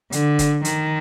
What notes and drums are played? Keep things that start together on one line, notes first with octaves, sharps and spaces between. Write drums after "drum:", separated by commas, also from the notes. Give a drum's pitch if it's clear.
D3, drum: hi-hat
drum: kick F1, hi-hat
D#3, drum: hi-hat